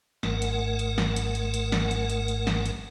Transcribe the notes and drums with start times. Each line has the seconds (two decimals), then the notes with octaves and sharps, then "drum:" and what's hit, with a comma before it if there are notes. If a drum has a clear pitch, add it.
0.23 G#1 G#2 A3 A#4 F#5, drum: snare
0.42 drum: hi-hat
0.79 drum: hi-hat
0.98 drum: snare
1.16 drum: hi-hat
1.35 drum: hi-hat
1.54 drum: hi-hat
1.72 drum: snare
1.91 drum: hi-hat
2.10 drum: hi-hat
2.28 drum: hi-hat
2.47 drum: snare
2.66 drum: hi-hat